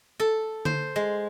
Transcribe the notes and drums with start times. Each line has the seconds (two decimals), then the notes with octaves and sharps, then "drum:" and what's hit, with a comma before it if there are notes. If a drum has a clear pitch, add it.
0.20 A4
0.65 C5, drum: tom D3
0.96 G#3